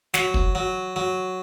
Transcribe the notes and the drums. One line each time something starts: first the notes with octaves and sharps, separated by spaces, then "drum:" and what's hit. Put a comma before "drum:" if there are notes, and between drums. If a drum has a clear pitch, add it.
F#3, drum: snare
drum: kick
F#3
F#3